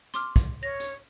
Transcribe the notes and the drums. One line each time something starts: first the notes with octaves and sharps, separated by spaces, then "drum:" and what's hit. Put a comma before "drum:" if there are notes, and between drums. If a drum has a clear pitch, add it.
C6 D6 F6, drum: hi-hat
drum: kick, hi-hat
C#5 A#6
drum: hi-hat